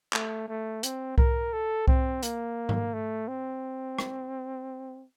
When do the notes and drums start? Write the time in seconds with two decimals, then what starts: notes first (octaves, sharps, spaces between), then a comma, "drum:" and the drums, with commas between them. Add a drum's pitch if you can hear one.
0.13 A3, drum: clap
0.48 A3
0.83 C4, drum: hi-hat
1.18 A#4, drum: kick C2
1.53 A4
1.88 C4, drum: kick C2
2.23 A#3, drum: hi-hat
2.69 drum: tom G#2
2.93 A3
3.28 C4
3.99 drum: rim click